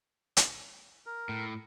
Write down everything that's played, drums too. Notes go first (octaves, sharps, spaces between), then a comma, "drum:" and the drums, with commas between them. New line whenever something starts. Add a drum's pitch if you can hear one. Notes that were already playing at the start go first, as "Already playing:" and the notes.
drum: hi-hat
A#4
A2